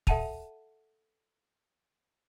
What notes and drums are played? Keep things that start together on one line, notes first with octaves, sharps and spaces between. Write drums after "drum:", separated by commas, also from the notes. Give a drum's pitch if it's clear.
A4 E5 F#5 A5 D#7 F7, drum: kick